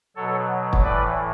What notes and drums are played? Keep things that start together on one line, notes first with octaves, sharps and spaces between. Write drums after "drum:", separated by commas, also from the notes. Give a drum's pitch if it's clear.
B2 F#3 A4 C#5
drum: kick
A2 E3 B4 D5